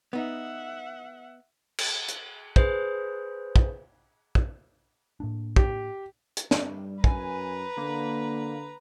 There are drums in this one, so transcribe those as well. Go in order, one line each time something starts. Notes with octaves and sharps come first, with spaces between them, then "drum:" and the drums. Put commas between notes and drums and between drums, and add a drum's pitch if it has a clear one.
B3 D#4 E5 F#5
drum: cymbal
drum: hi-hat
G#4 B4 C5, drum: kick
drum: kick
drum: kick
A2 A#3 D4
G4, drum: kick
drum: hi-hat
G2 G3, drum: snare
F#2 B4 G#5 A#5, drum: kick
D3 A#3